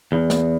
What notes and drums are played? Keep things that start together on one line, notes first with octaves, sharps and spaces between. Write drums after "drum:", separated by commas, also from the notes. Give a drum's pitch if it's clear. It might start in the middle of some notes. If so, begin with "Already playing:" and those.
E2
drum: snare